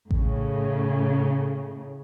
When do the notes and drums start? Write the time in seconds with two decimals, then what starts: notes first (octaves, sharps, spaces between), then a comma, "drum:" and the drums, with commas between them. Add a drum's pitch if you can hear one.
0.11 A2 C#3, drum: kick A1